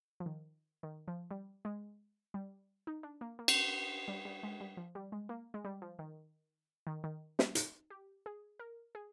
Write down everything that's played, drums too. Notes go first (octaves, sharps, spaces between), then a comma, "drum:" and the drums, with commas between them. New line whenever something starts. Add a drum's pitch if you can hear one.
F3
D#3
D#3
F3
G3
G#3
G3
D#4
D4
A#3
A#3
drum: cymbal
G3
G3
G#3
G3
F3
G3
G#3
A#3
G#3
G3
F3
D#3
D#3
D#3
G3, drum: snare
D#4, drum: hi-hat
G4
G#4
A#4
G#4